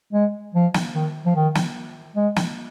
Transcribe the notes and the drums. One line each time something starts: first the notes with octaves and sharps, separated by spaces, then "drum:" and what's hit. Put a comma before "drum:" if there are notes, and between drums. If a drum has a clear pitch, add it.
G#3
F3
drum: snare
D#3
F3
D#3
drum: snare
G#3
drum: snare